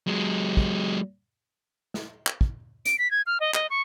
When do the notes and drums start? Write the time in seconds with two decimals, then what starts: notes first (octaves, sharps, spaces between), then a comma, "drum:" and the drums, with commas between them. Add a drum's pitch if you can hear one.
0.07 F#3 G#3
0.57 drum: kick
1.94 drum: snare
2.27 drum: clap
2.41 drum: kick
2.85 D7, drum: hi-hat
2.98 B6
3.11 G#6
3.26 F6
3.40 D#5
3.54 D#5, drum: clap
3.70 C#6